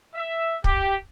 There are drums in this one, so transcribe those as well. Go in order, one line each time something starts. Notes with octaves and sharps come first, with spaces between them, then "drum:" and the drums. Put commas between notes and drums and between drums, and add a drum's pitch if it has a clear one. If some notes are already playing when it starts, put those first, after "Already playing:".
E5
G4, drum: kick